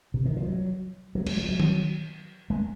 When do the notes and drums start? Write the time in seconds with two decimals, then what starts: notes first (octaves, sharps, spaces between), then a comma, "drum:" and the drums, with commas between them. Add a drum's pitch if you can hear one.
0.14 C3
0.25 D#3
0.37 F3
0.48 F#3
1.15 F#3
1.27 G#3, drum: cymbal
1.37 F3
1.49 F#3
1.60 drum: tom D#3
2.50 G#3